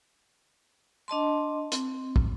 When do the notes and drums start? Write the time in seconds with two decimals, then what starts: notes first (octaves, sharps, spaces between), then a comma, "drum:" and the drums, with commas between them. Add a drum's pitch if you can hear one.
1.08 D4 D#5 A5 C6
1.72 C4, drum: hi-hat
2.16 drum: kick